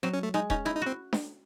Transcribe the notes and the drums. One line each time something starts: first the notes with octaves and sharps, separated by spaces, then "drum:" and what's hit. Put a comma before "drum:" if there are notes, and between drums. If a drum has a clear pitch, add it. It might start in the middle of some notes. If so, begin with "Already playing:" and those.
F#3 C4
C#4
A3
G#3 D#4
C#4 D#4, drum: kick D#1
D#4 E4
D#4
C4 F#4
drum: snare D4